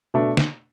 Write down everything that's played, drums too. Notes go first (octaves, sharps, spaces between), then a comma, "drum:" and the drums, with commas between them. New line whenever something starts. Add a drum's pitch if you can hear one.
B2 A3 D4
drum: snare